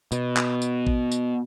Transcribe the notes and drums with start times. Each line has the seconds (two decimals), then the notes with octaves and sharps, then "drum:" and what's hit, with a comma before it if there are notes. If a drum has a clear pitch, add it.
0.12 B2, drum: tambourine
0.37 drum: clap
0.62 drum: tambourine
0.87 drum: kick A1
1.12 drum: tambourine